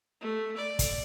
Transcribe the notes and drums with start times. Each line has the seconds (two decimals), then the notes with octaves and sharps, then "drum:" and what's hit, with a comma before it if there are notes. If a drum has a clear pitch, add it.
0.21 A3
0.57 D5
0.79 drum: kick, hi-hat